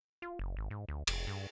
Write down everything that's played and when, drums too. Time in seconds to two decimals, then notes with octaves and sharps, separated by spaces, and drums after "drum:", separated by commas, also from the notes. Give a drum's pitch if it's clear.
0.22 F4
0.39 F#1
0.57 G#1
0.71 G#2
0.89 D2
1.07 F1, drum: cymbal
1.27 G2